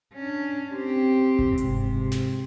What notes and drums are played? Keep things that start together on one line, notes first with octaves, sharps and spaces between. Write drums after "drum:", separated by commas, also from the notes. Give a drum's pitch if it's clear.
C#4 D4
C4 G4
drum: kick F#1
G#2 C3, drum: hi-hat
drum: snare